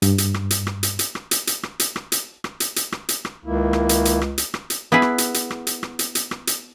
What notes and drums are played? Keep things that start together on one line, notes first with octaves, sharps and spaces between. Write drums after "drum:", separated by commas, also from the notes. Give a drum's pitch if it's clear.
G2, drum: hi-hat
drum: hi-hat
drum: rim click
drum: hi-hat
drum: rim click
drum: hi-hat
drum: hi-hat
drum: rim click
drum: hi-hat
drum: hi-hat
drum: rim click
drum: hi-hat
drum: rim click
drum: hi-hat
drum: rim click
drum: hi-hat
drum: hi-hat
drum: rim click
drum: hi-hat
drum: rim click
C#2 D#3 A#3 E4
drum: rim click
drum: hi-hat
drum: hi-hat
drum: rim click
drum: hi-hat
drum: rim click
drum: hi-hat
B3 E4 G#4 B4
drum: rim click
drum: hi-hat
drum: hi-hat
drum: rim click
drum: hi-hat
drum: rim click
drum: hi-hat
drum: hi-hat
drum: rim click
drum: hi-hat